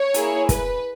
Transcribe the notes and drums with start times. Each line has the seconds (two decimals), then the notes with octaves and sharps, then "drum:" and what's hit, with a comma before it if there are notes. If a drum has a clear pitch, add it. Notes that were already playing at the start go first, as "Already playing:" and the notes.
Already playing: C#5
0.14 A#3 E4 G#4, drum: hi-hat
0.49 B4, drum: kick, hi-hat